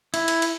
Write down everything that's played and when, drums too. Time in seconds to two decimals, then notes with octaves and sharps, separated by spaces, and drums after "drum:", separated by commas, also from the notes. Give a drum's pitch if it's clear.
0.14 E4, drum: cymbal
0.28 drum: cymbal
0.42 drum: cymbal